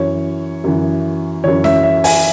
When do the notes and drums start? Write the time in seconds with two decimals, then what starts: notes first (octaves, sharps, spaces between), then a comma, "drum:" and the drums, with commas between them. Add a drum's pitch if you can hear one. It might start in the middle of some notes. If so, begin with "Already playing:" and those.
Already playing: F#2 E3 C#5
0.64 F#2 E3
1.44 F#2 E3 C#5
1.64 E5, drum: snare C#4
1.83 E5
2.04 G#5, drum: open hi-hat